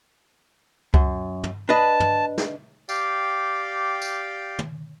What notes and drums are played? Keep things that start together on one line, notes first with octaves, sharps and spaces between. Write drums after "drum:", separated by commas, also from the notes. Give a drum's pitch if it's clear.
F#2, drum: kick C#2
drum: tom
D4 B4 D#5 A5
drum: tom
drum: snare
G4 D5 F5 G5, drum: tambourine
drum: tambourine
drum: tom